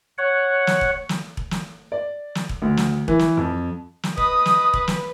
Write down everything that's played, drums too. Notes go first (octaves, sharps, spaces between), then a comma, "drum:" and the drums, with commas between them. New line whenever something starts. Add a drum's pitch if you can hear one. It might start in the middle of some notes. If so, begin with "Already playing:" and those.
C#5 F#5
drum: snare
drum: kick E1
drum: snare
drum: kick E1
drum: snare
D5
drum: snare
drum: kick E1
D2
drum: snare
E3, drum: kick E1
drum: snare
F2
drum: snare
B4 D#5 D#6, drum: kick E1
drum: snare
drum: kick E1
drum: snare